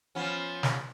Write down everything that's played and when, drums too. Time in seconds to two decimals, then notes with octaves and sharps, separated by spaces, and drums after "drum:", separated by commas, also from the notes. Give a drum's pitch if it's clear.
0.15 F3 B3 C#4
0.63 drum: snare